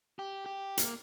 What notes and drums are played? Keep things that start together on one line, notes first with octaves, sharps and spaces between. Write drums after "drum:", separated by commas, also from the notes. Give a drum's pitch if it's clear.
G4
G4
A#3, drum: hi-hat